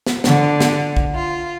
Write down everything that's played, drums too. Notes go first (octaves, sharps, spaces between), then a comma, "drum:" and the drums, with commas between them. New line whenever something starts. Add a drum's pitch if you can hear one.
drum: snare
D3, drum: snare
drum: snare
drum: kick
F4